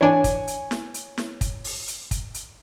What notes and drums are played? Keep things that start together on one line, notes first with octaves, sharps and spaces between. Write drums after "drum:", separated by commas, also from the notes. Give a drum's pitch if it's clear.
E3 D4 C#5 G#5
drum: kick, hi-hat
drum: hi-hat
drum: snare
drum: hi-hat
drum: snare
drum: kick, hi-hat
drum: open hi-hat
drum: hi-hat
drum: kick, hi-hat
drum: hi-hat